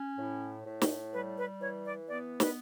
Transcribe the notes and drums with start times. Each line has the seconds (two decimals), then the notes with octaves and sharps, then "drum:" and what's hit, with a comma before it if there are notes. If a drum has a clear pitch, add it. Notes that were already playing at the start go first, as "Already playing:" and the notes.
Already playing: C#4
0.18 A2
0.65 A2
0.82 drum: snare
1.13 G3 B4
1.37 B4
1.60 E3 C#5
1.85 D5
2.08 B3 D5
2.40 B4, drum: snare